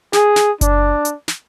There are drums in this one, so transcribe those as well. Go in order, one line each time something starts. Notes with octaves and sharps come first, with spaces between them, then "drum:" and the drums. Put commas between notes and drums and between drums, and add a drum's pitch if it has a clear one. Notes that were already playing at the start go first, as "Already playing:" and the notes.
G#4, drum: snare
drum: snare
D4, drum: kick F#1, hi-hat
drum: hi-hat
drum: snare